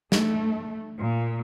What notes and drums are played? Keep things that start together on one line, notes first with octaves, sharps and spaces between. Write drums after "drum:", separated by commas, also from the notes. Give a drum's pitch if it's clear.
A3, drum: snare
A#2